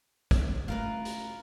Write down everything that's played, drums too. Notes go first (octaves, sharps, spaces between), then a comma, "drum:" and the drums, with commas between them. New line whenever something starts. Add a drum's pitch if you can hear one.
drum: kick, hi-hat
A3 C#4 F4 A#4 B4
drum: hi-hat